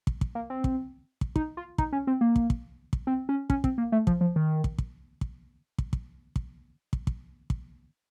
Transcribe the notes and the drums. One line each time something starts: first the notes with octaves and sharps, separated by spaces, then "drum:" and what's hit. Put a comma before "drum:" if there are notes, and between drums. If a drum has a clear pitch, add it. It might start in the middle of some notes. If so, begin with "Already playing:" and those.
drum: kick
drum: kick
A#3
C4
drum: kick
drum: kick
D#4, drum: kick
F4
D#4, drum: kick
C#4
C4
A#3
drum: kick
drum: kick
drum: kick
C4
C#4
C#4, drum: kick
C4, drum: kick
A#3
A3
F3, drum: kick
F3
D#3
drum: kick
drum: kick
drum: kick
drum: kick
drum: kick
drum: kick
drum: kick
drum: kick
drum: kick